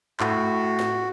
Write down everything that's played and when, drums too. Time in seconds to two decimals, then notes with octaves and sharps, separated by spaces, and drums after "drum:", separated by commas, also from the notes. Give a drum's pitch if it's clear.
0.20 A2 F#4, drum: clap
0.79 drum: snare